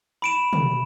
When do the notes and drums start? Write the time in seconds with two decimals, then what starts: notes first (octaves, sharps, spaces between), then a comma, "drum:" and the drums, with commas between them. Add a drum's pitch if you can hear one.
0.22 B5 D7 E7
0.53 drum: tom